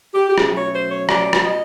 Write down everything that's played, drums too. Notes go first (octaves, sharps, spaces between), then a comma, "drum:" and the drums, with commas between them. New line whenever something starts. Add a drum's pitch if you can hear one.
G4
G4
B2 F#3 A3 C#4 G#4, drum: rim click
C#5
C5
C#5
D5, drum: rim click
drum: rim click
D#5